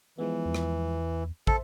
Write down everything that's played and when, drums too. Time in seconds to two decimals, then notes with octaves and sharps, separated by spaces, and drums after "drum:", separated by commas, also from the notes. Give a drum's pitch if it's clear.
0.18 E3 F3 G#3 B3
0.45 E2
0.54 drum: rim click
1.47 A4 C5 E5, drum: kick